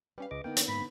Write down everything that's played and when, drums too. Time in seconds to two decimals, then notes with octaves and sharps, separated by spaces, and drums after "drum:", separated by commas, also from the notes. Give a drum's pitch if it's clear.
0.18 G3 C#4 B4 F5
0.31 C#2 D#5 D6
0.44 D3 A#3 B3 D#4 G5
0.56 drum: hi-hat
0.68 G#2 B5